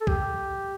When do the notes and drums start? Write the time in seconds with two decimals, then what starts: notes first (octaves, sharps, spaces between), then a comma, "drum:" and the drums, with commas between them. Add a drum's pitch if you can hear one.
0.01 A4
0.07 G4, drum: kick